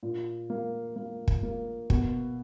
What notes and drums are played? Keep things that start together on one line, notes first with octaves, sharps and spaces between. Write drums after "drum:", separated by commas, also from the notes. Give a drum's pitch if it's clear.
A#2
A#3
A#3
drum: kick
A#3
B2, drum: kick